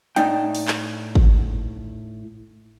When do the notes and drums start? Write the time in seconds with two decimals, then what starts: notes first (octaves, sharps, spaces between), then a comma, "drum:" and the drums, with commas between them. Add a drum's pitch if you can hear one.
0.16 A2 A3 D4 D#4 G5, drum: hi-hat
0.55 drum: open hi-hat
0.68 drum: clap
1.15 drum: kick